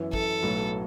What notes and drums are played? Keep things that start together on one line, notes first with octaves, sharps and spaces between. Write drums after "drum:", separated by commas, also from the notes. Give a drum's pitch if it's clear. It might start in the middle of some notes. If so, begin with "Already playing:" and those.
Already playing: F#2 E3 B3 E4
A4, drum: kick
B1 A2 F#3 B3